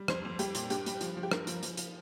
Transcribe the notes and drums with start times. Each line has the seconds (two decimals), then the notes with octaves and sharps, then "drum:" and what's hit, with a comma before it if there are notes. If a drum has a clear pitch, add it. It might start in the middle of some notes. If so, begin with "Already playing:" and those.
Already playing: G3
0.08 F2 C5, drum: rim click
0.25 F2
0.39 G3 G4, drum: hi-hat
0.55 A#2, drum: hi-hat
0.70 G2 G4, drum: hi-hat
0.86 G3, drum: hi-hat
1.01 F3, drum: hi-hat
1.17 F3
1.23 G4
1.31 G2 A#4, drum: rim click
1.47 F3, drum: hi-hat
1.63 F3, drum: hi-hat
1.77 F3, drum: hi-hat